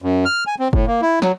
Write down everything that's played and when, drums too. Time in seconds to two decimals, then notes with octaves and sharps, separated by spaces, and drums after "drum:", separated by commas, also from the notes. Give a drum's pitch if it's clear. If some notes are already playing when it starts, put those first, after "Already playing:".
0.02 F#2
0.25 F6
0.47 G#5
0.59 C4
0.73 A2, drum: kick F#1
0.87 A#3
1.02 E4
1.22 F#3, drum: snare